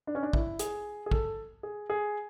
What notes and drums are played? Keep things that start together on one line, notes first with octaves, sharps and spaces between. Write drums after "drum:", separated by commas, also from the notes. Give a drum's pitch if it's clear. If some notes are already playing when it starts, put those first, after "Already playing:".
D4
C#4
D4
E4, drum: kick
G#4, drum: hi-hat
G#4
A4, drum: kick
G#4
G#4